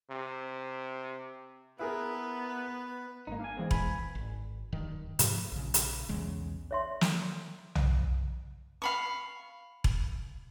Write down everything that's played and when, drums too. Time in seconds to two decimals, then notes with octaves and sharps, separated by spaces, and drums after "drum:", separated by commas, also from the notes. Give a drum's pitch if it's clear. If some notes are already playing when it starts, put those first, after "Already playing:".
0.10 C3
1.79 B3 E4 G#4 A#4 B4
3.27 G#1 A#3 D#4
3.40 D4 F5 G#5
3.57 E2 E3 G#3 C4
3.71 B4 G#5 B5, drum: kick E1
4.15 G#1
4.72 D1 G2 D#3
5.19 G#2 C3 F3 A3, drum: hi-hat
5.52 A#1 C#3
5.74 drum: hi-hat
6.09 B1 E2 C#3 G#3
6.71 C#5 E5 C6
7.01 drum: snare
7.75 drum: tom
8.82 F5 B5 C#6
9.84 drum: kick E1